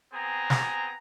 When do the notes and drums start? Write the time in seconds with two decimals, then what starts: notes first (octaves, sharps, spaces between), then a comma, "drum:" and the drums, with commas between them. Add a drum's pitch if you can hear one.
0.13 B3 C4 G#4 G#5 A#5
0.50 drum: snare